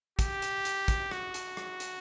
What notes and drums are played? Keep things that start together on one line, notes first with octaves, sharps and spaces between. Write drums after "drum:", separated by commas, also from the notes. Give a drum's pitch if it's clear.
G4, drum: kick, hi-hat
drum: hi-hat
drum: hi-hat
drum: kick, hi-hat
F#4, drum: rim click
drum: hi-hat
drum: rim click
drum: hi-hat